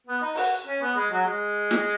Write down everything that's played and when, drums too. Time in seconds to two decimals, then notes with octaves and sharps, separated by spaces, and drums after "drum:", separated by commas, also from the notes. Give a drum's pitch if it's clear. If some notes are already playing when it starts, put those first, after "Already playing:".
0.07 B3
0.21 D#4
0.35 F#4, drum: open hi-hat
0.66 C#4
0.81 B3
0.95 G#3
1.11 F#3
1.25 G#3
1.71 drum: snare